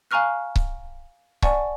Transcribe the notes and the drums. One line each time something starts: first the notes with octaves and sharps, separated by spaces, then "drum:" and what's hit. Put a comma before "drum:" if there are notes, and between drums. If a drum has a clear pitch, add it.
F5 G#5 A#5 C#6 F6 F#6
drum: kick C#1
D5 F#5 G#5 A5 C#6, drum: kick C#1